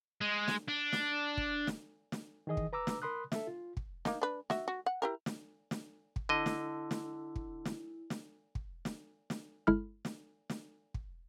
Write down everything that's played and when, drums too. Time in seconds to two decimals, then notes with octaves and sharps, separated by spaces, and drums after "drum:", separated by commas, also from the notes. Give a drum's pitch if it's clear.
0.21 G#3
0.48 drum: snare
0.68 D4
0.93 drum: snare
1.37 drum: kick
1.67 drum: snare
2.12 drum: snare
2.47 D#3 E3 G#4 D#5 D#6
2.57 drum: kick
2.73 B4 A#5 D6 E6
2.87 drum: snare
3.02 A#4 B5 C6 D#6 F#6
3.32 A4 E5, drum: snare
3.47 F4
3.77 drum: kick
4.05 A#3 D#4, drum: snare
4.22 D4 B4
4.50 F#4 E5, drum: snare
4.68 F#4
4.86 F#5
5.02 E4 G4 A#4
5.26 drum: snare
5.71 drum: snare
6.16 drum: kick
6.29 D3 E4 D#5
6.46 drum: snare
6.91 drum: snare
7.36 drum: kick
7.65 drum: snare
8.10 drum: snare
8.55 drum: kick
8.85 drum: snare
9.30 drum: snare
9.67 G1 G#3 E4 A4 B5 F6
10.05 drum: snare
10.50 drum: snare
10.94 drum: kick